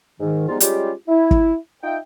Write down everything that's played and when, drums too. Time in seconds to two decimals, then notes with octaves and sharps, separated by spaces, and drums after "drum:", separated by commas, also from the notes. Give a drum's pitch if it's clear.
0.20 G#2 D#3
0.49 F3 G3 G#3 B3 D#4 F4
0.60 G3 G#3 C#4 F4 G4, drum: hi-hat
1.08 E4
1.31 drum: kick
1.84 D#4 F4 E5 G5